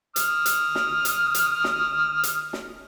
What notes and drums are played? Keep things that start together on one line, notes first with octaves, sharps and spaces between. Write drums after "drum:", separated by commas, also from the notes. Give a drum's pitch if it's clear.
D#6 F6, drum: hi-hat
drum: hi-hat
drum: snare
drum: hi-hat
drum: hi-hat
drum: snare
drum: hi-hat
drum: snare